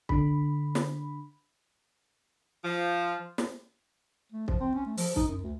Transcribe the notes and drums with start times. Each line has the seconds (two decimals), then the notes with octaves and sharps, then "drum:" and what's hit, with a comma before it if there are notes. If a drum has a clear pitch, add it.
0.09 D3 B5, drum: kick
0.75 drum: snare
2.64 F3
3.38 drum: snare
4.32 A3
4.48 F3, drum: kick
4.60 C4
4.75 C#4
4.86 A3
4.97 F3, drum: open hi-hat
5.16 D#4, drum: kick
5.28 F#2
5.43 D2